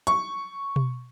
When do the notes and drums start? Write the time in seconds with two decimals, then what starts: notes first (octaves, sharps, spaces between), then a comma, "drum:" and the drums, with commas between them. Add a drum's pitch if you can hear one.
0.07 C#6, drum: hi-hat
0.76 drum: tom B2